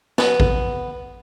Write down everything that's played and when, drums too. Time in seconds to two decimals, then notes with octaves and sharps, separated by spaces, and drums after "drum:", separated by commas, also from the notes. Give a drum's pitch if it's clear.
0.18 B3, drum: snare
0.40 drum: kick A1